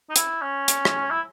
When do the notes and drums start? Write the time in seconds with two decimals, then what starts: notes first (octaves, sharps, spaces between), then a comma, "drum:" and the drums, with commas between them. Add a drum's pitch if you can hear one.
0.10 D#4
0.16 E4, drum: hi-hat
0.42 C#4
0.68 drum: hi-hat
0.85 drum: rim click
1.11 E4